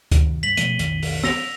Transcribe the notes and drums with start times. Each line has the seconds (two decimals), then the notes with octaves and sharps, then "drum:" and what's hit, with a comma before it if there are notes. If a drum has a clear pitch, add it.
0.12 F#2 C3 D#3, drum: kick D2, hi-hat
0.43 G2 B6 F#7
0.57 B2 F3 A3 D#7 G7, drum: hi-hat
0.79 B1 F2 D#3, drum: hi-hat
1.03 drum: open hi-hat
1.24 E6 A#6 F7, drum: snare